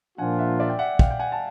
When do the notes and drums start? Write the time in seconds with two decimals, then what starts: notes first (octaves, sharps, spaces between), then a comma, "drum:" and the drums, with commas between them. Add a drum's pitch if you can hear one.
0.18 A#2 F3 A#3 D4 F4 F#5 G#5
0.39 E5 F#5
0.60 D5 E5
0.69 G5
0.79 E5 F#5
0.99 F5 G5, drum: kick
1.11 G5
1.20 F#5 G#5
1.32 A5